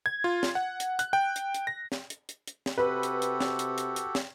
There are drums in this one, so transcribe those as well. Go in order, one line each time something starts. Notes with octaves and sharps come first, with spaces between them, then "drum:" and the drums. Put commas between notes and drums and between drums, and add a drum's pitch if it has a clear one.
G#6
F4
drum: snare
F#5
drum: hi-hat
F#6, drum: hi-hat
G5
drum: hi-hat
drum: hi-hat
A#6
drum: snare
drum: hi-hat
drum: hi-hat
drum: hi-hat
drum: snare
C3 F#4 G4 A4 B4
drum: hi-hat
drum: hi-hat
drum: snare
drum: hi-hat
drum: hi-hat
drum: hi-hat
drum: snare